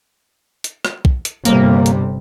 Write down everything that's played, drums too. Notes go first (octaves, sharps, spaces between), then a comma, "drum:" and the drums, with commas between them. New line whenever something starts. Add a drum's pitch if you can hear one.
drum: hi-hat
drum: rim click
drum: kick
drum: hi-hat
G1 C3 G3 A#3, drum: hi-hat
drum: hi-hat